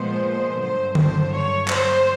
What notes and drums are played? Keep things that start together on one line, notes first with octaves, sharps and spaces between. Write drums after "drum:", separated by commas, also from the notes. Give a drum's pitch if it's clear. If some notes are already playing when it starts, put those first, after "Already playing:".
Already playing: A#2 F3 G#3 B3 C5
G2 D3 F#3 C5
C5, drum: tom D3
C#5
C5, drum: clap